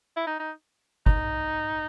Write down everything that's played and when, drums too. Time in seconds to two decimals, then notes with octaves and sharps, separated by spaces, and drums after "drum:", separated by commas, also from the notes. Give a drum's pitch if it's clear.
0.17 E4
0.27 D#4
0.39 D#4
1.06 D#4, drum: kick